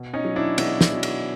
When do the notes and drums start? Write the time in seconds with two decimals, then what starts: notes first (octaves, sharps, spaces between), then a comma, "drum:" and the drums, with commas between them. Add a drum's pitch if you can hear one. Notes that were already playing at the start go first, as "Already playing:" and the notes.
Already playing: B2
0.13 C#4 D#4
0.25 F#3
0.36 D4 E4
0.58 B2 D4 E4, drum: cymbal
0.81 drum: snare
0.92 F#3
1.03 drum: cymbal